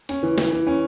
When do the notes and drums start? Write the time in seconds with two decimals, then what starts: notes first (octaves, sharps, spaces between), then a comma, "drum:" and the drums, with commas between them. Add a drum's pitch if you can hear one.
0.09 C#4, drum: hi-hat
0.23 E3
0.38 E3, drum: snare
0.52 E3
0.67 C#4